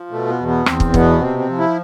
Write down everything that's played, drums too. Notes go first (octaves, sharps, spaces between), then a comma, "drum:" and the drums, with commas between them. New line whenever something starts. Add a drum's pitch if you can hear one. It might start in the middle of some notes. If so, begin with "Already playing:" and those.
Already playing: F3
B2 A3
B3
E2
B3
E2 C4, drum: rim click
drum: kick
B2 B3, drum: kick
C3 C4
C4
F3
E4